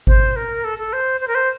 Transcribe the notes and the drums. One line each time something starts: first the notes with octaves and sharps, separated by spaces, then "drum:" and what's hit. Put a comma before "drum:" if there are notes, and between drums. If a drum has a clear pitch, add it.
C5, drum: kick G#1
A#4
A4
A4
C5
C5
A#4
C5